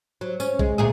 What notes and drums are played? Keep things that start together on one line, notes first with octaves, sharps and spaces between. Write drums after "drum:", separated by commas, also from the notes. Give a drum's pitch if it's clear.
F#3
C#4, drum: tambourine
G#3, drum: kick A#1
D2 A#2 G#4